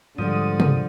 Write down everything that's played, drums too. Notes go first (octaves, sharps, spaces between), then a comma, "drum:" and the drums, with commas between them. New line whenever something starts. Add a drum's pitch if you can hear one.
G#2 D3 F3 G3 D#6
drum: tom C3